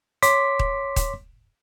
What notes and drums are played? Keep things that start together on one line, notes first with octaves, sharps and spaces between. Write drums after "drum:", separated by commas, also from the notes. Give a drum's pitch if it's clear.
C#5 C6 D6 B6, drum: hi-hat
drum: kick D#1
drum: kick D#1, hi-hat